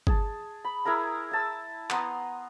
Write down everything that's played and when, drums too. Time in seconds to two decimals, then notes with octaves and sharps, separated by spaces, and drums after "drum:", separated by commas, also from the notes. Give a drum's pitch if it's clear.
0.07 G#4 A5, drum: kick
0.64 B5
0.85 E4 G#4 A#4 A#5
1.31 E4 A5 E6
1.90 B3 A#5 C6 D#6, drum: clap